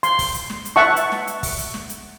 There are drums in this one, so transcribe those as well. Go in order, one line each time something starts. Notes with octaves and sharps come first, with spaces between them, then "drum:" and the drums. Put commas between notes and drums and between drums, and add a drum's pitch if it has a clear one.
C6, drum: hi-hat
drum: kick, open hi-hat
drum: hi-hat
drum: snare
drum: hi-hat
E5 F#5 A5 C#6
drum: hi-hat
drum: snare
drum: hi-hat
drum: kick, open hi-hat
drum: hi-hat
drum: snare
drum: hi-hat